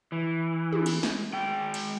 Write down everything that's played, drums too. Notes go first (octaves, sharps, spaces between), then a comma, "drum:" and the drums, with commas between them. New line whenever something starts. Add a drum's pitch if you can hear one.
E3
drum: tom
drum: cymbal
drum: snare
G#3 G5
drum: cymbal